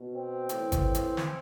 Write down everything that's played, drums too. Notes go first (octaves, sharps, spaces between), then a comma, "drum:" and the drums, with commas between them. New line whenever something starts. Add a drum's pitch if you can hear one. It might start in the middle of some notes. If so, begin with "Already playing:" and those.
Already playing: B2
C4
A2 E3, drum: hi-hat
drum: kick G#1, hi-hat
drum: hi-hat
drum: snare